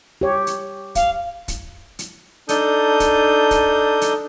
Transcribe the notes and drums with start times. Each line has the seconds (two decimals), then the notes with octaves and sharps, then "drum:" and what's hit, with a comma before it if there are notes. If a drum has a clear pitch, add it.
0.21 G4 C#5
0.47 drum: hi-hat
0.95 F5, drum: kick, hi-hat
1.48 drum: kick, hi-hat
1.99 drum: hi-hat
2.49 D4 D#4 A4 D#6 G6, drum: hi-hat
3.00 drum: kick, hi-hat
3.51 drum: kick, hi-hat
4.01 drum: hi-hat